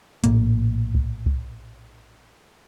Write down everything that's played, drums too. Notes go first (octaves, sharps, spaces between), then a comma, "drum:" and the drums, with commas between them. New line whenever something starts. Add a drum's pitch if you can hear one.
A#1 A2 A#3, drum: hi-hat
drum: kick C2
drum: kick C2